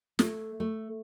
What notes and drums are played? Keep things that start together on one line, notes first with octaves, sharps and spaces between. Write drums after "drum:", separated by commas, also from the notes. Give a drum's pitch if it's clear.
A3, drum: snare
A3